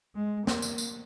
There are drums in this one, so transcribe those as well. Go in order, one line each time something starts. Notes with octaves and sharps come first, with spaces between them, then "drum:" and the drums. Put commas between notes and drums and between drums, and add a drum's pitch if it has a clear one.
G#3
A#3, drum: snare
drum: tambourine
drum: tambourine